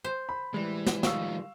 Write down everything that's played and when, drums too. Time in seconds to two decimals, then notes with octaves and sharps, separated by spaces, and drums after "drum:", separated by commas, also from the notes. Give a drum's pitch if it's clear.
0.04 C5
0.29 B5
0.54 A2 E3 G3 G#3
0.86 drum: snare
1.03 D#3 F3 F5 C#6 E6, drum: snare